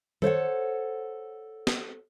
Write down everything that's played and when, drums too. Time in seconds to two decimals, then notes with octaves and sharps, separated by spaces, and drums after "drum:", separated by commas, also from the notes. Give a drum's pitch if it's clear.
0.22 A4 C5 C#5 F#5, drum: tom D#3
1.67 drum: snare